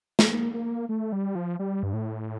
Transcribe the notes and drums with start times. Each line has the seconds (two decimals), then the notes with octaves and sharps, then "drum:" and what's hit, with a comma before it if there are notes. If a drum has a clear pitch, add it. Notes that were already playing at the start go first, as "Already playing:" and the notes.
0.19 A#3, drum: snare
0.54 A#3
0.89 A3
1.12 G3
1.35 F3
1.59 G3
1.83 G2
1.93 A2